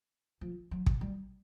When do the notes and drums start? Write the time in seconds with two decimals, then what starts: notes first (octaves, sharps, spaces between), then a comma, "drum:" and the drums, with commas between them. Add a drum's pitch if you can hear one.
0.41 F3
0.71 F#3
0.86 drum: kick
1.01 G3